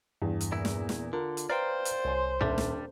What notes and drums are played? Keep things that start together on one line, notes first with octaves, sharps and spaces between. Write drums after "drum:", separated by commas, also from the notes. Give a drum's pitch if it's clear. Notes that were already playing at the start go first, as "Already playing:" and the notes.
E2 G2
drum: hi-hat
A#2 E4
drum: snare
drum: snare
D3 F4 A#4
drum: hi-hat
B4 C5 D5 F5 G5 A#5 F6
drum: hi-hat
C2 C#5 G#5 C6
D#1 G3 D4 E5
drum: snare